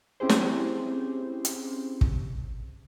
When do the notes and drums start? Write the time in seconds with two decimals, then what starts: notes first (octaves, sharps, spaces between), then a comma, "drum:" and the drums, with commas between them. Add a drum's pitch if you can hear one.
0.20 C4 C#4 E4 G4 G#4 C5
0.29 drum: snare
1.45 drum: hi-hat
2.01 drum: kick